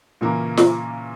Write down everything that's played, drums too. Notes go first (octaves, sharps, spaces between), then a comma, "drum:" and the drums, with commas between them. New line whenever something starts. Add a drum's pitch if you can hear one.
A#2 C#3 E3 A#3
drum: snare